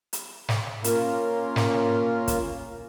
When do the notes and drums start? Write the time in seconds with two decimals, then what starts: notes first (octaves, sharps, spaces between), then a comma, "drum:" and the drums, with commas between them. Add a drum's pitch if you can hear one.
0.13 drum: hi-hat
0.49 drum: snare
0.84 A#3 C#4 F4 A#4 F5, drum: hi-hat
1.56 drum: snare
2.28 drum: kick, hi-hat